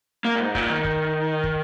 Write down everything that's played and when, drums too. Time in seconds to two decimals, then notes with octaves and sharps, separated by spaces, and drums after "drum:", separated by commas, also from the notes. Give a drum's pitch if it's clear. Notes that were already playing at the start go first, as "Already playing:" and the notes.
0.25 A#3
0.36 A#2
0.40 G#2
0.55 A#2, drum: kick
0.70 D#3
0.84 drum: kick
1.44 drum: kick